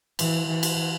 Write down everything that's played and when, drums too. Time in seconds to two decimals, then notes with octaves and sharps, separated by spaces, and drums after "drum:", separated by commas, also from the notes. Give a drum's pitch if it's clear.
0.19 E3, drum: cymbal
0.48 E3
0.63 drum: cymbal